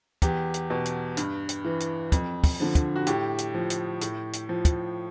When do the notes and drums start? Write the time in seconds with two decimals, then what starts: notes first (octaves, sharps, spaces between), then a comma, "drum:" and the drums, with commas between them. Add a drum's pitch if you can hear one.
0.22 E2 G4, drum: kick, hi-hat
0.54 drum: hi-hat
0.70 B2
0.86 drum: hi-hat
1.17 G2, drum: hi-hat
1.49 drum: hi-hat
1.65 E3
1.80 drum: hi-hat
2.12 F2, drum: kick, hi-hat
2.44 drum: kick, open hi-hat
2.60 D3 F3
2.75 drum: kick, hi-hat
2.96 F#4
3.07 A2 G4, drum: hi-hat
3.38 drum: hi-hat
3.54 F3
3.70 drum: hi-hat
4.01 A2, drum: hi-hat
4.33 drum: hi-hat
4.49 F3
4.65 drum: kick, hi-hat